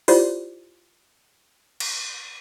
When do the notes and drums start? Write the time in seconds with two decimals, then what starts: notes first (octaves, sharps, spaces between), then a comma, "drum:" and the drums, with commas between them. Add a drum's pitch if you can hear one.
0.08 E4 F4 G4 C5 D5, drum: open hi-hat
1.80 drum: cymbal